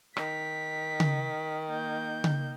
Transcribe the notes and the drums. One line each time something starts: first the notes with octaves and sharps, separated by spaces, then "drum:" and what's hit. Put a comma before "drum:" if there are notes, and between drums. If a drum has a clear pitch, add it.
D#3 B6, drum: rim click
drum: tom C#3
A#3 G6
drum: tom C#3